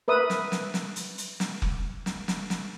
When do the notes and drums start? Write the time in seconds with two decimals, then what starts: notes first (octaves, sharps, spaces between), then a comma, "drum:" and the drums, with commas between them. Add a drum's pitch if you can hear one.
0.08 A#4 B4 E5 D#6
0.30 drum: snare
0.52 drum: snare
0.74 drum: snare
0.96 drum: hi-hat
1.18 drum: hi-hat
1.40 drum: snare
1.62 drum: kick F1
2.06 drum: snare
2.28 drum: snare
2.50 drum: snare